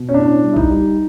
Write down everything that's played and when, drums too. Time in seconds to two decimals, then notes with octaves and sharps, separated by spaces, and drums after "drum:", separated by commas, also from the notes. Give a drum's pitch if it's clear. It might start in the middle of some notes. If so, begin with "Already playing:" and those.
Already playing: B2
0.09 C#4
0.14 A2 D4
0.42 G3
0.53 E4
0.56 D#4, drum: kick A#1
0.70 G3